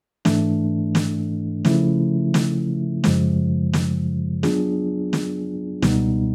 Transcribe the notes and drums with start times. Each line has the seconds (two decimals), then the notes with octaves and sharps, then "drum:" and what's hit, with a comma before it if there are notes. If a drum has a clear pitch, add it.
0.25 G#2 E3 A3 D4, drum: snare
0.95 drum: snare
1.65 C#3 F3 A3 C#4 E4, drum: snare
2.34 drum: snare
3.04 F#2 C#3 F3 G#3, drum: snare
3.73 drum: snare
4.43 F#3 B3 D4 F4 G#4, drum: snare
5.13 drum: snare
5.82 C#2 B2 G3 B3 D#4, drum: snare